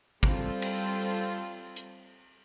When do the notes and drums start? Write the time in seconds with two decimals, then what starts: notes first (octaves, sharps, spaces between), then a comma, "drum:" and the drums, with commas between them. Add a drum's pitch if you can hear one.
0.23 G3 C4 F4 A4, drum: kick
0.62 drum: cymbal
1.76 drum: hi-hat